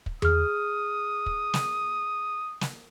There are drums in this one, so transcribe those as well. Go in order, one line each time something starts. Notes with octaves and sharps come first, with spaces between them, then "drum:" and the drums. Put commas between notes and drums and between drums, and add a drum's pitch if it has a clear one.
drum: kick
G#4 D#6 F6, drum: tom E2
drum: kick
drum: snare
drum: snare